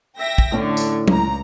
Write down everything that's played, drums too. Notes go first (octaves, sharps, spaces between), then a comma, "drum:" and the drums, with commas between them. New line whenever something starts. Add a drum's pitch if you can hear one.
E5 G5 A#6
drum: kick
A2 D3 C#4
drum: tambourine
C#2 A#5, drum: tom